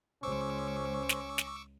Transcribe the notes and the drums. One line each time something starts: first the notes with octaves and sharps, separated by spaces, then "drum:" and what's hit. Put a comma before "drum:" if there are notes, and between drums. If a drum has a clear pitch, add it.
C#2 C#4 C5 C#6 D6 E6
drum: snare
drum: snare